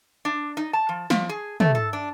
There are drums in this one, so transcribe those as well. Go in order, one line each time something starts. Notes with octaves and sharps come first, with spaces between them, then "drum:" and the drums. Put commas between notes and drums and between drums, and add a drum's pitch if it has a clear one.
D4
D#4
A5
F3
F3, drum: snare
G#4
A3, drum: tom
A4
D4